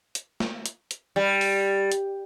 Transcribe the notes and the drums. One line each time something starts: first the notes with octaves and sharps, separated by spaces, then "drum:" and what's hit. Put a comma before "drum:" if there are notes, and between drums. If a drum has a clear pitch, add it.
drum: hi-hat
drum: snare
drum: hi-hat
drum: hi-hat
G3
drum: open hi-hat
drum: hi-hat